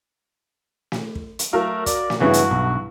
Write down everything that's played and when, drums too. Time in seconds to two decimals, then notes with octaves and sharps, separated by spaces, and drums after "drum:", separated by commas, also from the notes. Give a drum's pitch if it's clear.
0.92 drum: snare
1.15 drum: kick
1.39 drum: hi-hat
1.53 F#3 A3 A#4 F5
1.86 D5, drum: kick, hi-hat
2.10 drum: snare
2.21 G2 C#3 E3 B3 E4 F#4
2.33 drum: hi-hat
2.51 B1